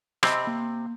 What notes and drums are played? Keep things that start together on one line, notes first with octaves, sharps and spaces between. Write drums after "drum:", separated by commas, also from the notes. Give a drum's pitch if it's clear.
C3 C4 D#5 B5 E6, drum: rim click
A#3